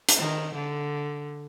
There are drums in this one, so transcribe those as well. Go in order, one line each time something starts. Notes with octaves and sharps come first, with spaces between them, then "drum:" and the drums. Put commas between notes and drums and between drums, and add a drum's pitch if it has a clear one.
drum: hi-hat
D#3
D3